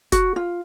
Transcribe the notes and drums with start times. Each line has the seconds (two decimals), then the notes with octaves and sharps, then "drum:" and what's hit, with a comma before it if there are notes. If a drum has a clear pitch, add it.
0.12 F#4, drum: kick F1, hi-hat
0.36 F4